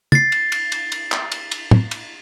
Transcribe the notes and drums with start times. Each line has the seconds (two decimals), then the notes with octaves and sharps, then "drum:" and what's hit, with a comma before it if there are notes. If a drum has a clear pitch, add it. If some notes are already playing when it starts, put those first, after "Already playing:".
0.12 A6 C7, drum: tom
0.32 drum: cymbal
0.52 drum: cymbal
0.72 drum: cymbal
0.92 drum: cymbal
1.12 drum: clap
1.32 drum: cymbal
1.52 drum: cymbal
1.71 drum: tom
1.91 drum: cymbal